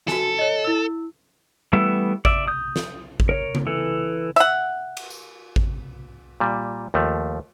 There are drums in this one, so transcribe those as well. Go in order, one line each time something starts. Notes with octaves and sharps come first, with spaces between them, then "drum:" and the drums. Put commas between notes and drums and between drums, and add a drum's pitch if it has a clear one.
F#4 A4 G#5, drum: snare
C#5 D#5
E4 E6
E3 G3 A3 B3 E5
D5 E5, drum: kick G#1
D#6 G6
drum: snare
drum: kick G#1
A#4 C#5
drum: tom C#3
E3 A4
E5 F#5, drum: hi-hat
drum: cymbal
drum: tambourine
drum: kick G#1
A#2 G3
D#2 F3 A3